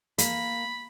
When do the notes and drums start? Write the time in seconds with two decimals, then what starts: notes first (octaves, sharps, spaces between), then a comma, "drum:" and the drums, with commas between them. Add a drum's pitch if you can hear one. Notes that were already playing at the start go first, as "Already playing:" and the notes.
0.18 A#3 B5, drum: hi-hat